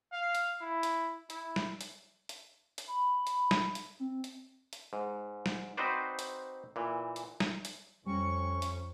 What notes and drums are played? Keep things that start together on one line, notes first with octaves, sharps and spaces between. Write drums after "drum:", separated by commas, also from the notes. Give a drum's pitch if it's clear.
F5
drum: hi-hat
E4
drum: hi-hat
E4, drum: hi-hat
drum: snare
drum: hi-hat
drum: hi-hat
drum: hi-hat
B5
drum: hi-hat
drum: snare
drum: hi-hat
C4
drum: hi-hat
drum: hi-hat
G#2
drum: snare
C4 D#4 F#4 B4 C5 D5
drum: hi-hat
A#2 E3
drum: hi-hat
drum: snare
drum: hi-hat
F2 G3 C#4 C#6
drum: hi-hat